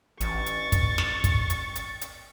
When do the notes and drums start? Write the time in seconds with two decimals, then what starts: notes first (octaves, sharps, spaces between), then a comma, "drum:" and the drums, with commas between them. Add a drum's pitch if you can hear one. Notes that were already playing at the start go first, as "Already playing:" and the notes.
0.20 A1 C#6 A6, drum: hi-hat
0.46 drum: hi-hat
0.72 drum: kick, hi-hat
0.98 drum: snare
1.24 drum: kick, hi-hat
1.50 drum: hi-hat
1.76 drum: hi-hat
2.01 drum: hi-hat